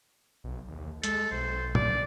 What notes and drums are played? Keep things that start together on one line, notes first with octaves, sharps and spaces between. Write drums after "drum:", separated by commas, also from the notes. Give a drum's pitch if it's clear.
B1
D#2
G#3 A4, drum: hi-hat
B1 C5
D5, drum: tom A#2